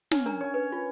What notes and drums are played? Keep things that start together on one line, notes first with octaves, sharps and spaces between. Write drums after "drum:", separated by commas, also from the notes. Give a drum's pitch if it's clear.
C#4, drum: snare
D4 A#4 A#5
C#5 G#5
B4
F4